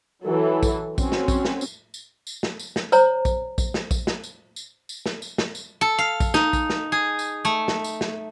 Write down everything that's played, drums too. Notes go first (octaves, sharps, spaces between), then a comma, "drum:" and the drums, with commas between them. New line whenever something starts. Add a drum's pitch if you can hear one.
E3 F#3 A4
drum: kick, tambourine
C4 C#4 F#4, drum: kick, tambourine
drum: snare
drum: kick, tambourine
drum: snare
drum: tambourine
drum: tambourine
drum: tambourine
drum: snare
drum: tambourine
drum: snare
C5 C#5 A#5, drum: tambourine
drum: kick, tambourine
drum: kick, tambourine
drum: snare
drum: kick, tambourine
drum: snare
drum: tambourine
drum: tambourine
drum: tambourine
drum: snare
drum: tambourine
drum: snare
drum: tambourine
A4
F5
drum: kick, tambourine
D#4, drum: snare
drum: kick, tambourine
drum: snare
G#4
drum: tambourine
A3
drum: snare
drum: tambourine
drum: snare